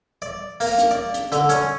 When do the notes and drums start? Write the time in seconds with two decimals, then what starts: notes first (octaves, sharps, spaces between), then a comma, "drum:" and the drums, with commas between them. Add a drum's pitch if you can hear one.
0.22 D5
0.60 A#3, drum: open hi-hat
0.78 drum: hi-hat
0.91 D5
1.14 drum: hi-hat
1.32 D3, drum: hi-hat
1.49 C#4, drum: hi-hat